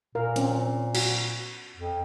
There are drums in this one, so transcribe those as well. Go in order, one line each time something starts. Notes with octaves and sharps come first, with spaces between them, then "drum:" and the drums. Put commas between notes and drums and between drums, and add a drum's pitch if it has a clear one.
A#2 A#4 F5
C4 C#4, drum: hi-hat
F#4, drum: cymbal
F2